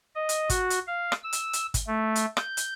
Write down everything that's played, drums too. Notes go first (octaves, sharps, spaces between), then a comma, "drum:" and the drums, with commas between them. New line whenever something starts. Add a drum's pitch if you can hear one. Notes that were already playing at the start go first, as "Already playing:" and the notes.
D#5
drum: hi-hat
F#4, drum: kick, hi-hat
drum: hi-hat
F5
drum: rim click
E6
drum: hi-hat
drum: hi-hat
drum: kick, hi-hat
A3
drum: hi-hat
G6, drum: rim click
drum: hi-hat